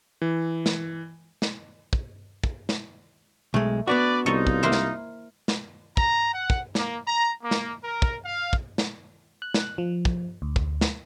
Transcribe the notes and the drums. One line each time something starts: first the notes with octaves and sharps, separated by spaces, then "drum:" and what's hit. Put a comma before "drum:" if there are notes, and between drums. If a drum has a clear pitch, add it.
E3
drum: snare
drum: snare
drum: kick
drum: kick
drum: snare
B1 G#3 A3
B3 D4 F#4 B4 D5
C2 D#4 F4 A4 C#5 D#5
drum: kick
A#3 E4 C5
drum: snare
drum: snare
A#5, drum: kick
F#5
drum: kick
A#3, drum: snare
A#5
A#3
drum: snare
A#4
drum: kick
F5
drum: kick
drum: snare
F#6
drum: snare
F3
drum: kick
D2
drum: kick
drum: snare